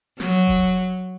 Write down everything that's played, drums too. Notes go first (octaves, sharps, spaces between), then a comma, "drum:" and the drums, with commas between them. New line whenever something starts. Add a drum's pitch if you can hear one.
F#3, drum: snare
drum: kick E1